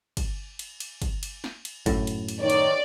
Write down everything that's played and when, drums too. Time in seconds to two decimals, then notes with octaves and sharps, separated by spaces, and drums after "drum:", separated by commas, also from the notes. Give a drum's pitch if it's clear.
0.17 drum: kick, cymbal
0.59 drum: cymbal
0.80 drum: cymbal
1.02 drum: kick, cymbal
1.23 drum: cymbal
1.44 drum: snare
1.65 drum: cymbal
1.86 F#2 A2, drum: kick, cymbal
2.07 drum: cymbal
2.28 drum: cymbal
2.40 D#3 C#5 D5
2.50 drum: cymbal